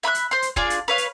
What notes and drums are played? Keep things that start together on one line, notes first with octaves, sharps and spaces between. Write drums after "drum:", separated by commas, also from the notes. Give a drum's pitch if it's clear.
E5 B5 C#6 F#6
drum: hi-hat
C5 C6
drum: hi-hat
D4 F4 G#4 D5, drum: kick
drum: hi-hat
B4 C#5 F5
drum: hi-hat